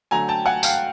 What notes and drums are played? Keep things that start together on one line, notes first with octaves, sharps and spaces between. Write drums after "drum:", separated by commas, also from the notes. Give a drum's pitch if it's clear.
D3 F#3 A3 G#5 A#5
G5 A5
F#5 G#5
F5 G5, drum: tambourine